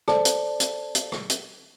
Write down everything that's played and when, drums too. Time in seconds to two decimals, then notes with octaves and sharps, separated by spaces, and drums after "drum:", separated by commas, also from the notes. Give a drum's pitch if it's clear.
0.08 A4 C5 D5 A5, drum: rim click
0.25 drum: hi-hat
0.60 drum: hi-hat
0.95 drum: hi-hat
1.12 drum: rim click
1.30 drum: hi-hat